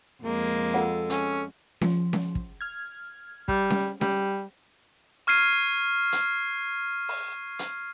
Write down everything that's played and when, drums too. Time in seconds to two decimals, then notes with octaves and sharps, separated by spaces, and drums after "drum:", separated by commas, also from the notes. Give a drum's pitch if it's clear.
0.24 F2 G#3 A#3
0.74 F4 A4 F5 F#5
1.10 C#4, drum: hi-hat
1.81 F3, drum: snare C#4
2.13 drum: snare C#4
2.35 drum: kick
2.61 F6 G#6
3.48 G3, drum: kick
3.70 drum: snare C#4
4.01 G3, drum: snare C#4
5.27 C#6 F6 G#6 C7 D#7
6.12 drum: hi-hat
7.09 drum: open hi-hat
7.59 drum: hi-hat